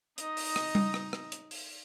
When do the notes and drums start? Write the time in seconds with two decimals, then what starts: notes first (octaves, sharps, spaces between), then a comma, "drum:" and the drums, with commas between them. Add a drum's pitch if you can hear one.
0.18 D#4 D#5, drum: hi-hat
0.37 drum: open hi-hat
0.56 drum: rim click
0.75 drum: tom G3
0.94 drum: rim click
1.13 drum: rim click
1.32 drum: hi-hat
1.51 drum: open hi-hat